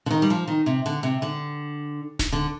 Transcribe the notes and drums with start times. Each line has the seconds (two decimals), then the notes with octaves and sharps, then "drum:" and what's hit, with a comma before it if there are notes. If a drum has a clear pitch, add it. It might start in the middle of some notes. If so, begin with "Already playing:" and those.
0.06 D3
0.11 D#3
0.22 G3
0.30 F3
0.47 D#3
0.66 C3
0.86 D3
1.03 C3
1.22 D3
2.19 drum: snare D1
2.32 D3